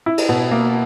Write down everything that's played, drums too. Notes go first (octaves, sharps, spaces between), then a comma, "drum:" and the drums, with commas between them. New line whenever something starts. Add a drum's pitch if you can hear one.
E4
drum: cymbal
B2
A#3